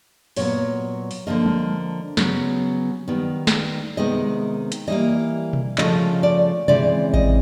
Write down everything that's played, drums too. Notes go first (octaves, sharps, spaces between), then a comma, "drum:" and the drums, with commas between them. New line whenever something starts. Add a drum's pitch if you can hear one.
A#2 F#3 B3 C#5, drum: open hi-hat
drum: open hi-hat
D3 F3 A#3 D#5
drum: tom G3
C#3 F#3 B3, drum: snare
D#3 G3 B3
drum: snare
C3 D#3 G#3 B3 D#5
drum: hi-hat
E3 G3 A#3 D#5
drum: tom B2
C#3 F3 A3 D#5, drum: clap
D5
C#3 E3 G#3 C4 D5, drum: tom B2
D#5, drum: kick A1